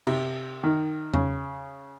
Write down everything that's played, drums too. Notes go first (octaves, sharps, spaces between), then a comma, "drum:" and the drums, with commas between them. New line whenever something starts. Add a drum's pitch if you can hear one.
C3, drum: cymbal
D#3
C#3, drum: tom E2